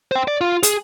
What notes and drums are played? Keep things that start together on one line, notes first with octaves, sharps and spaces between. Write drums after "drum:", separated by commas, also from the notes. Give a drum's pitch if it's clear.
C5 G5
D5
F4
G#4, drum: hi-hat